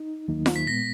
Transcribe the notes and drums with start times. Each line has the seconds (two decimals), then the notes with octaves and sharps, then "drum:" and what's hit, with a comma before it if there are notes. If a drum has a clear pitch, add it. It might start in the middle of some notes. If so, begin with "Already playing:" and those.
Already playing: D#4
0.28 D#2 D#3 F#3 A#3 D#4
0.46 drum: snare F4
0.56 B6
0.67 A#2 G#3 B3 A#6